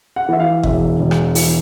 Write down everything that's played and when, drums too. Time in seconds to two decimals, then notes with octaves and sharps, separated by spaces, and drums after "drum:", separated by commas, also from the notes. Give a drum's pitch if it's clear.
0.16 F#5
0.29 E3 E5
0.40 F5
0.63 E1 E5, drum: kick F#1
0.99 E1
1.11 drum: rim click
1.35 E3, drum: open hi-hat